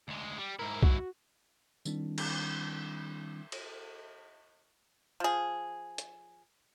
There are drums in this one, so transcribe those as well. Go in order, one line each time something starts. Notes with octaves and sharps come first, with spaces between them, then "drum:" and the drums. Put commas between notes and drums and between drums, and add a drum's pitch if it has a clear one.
D2 G#3
G3
G#2 E4 A#4
F#4, drum: kick
D#3 G3 C4 D4 E4, drum: tambourine
drum: cymbal
drum: cymbal
F3 G#4
drum: hi-hat